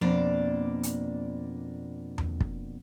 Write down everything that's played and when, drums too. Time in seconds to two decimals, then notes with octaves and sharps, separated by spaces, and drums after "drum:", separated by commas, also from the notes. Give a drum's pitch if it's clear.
0.01 F2 B2 A#3 D4 D5
0.83 drum: hi-hat
2.18 drum: tom E2
2.40 drum: kick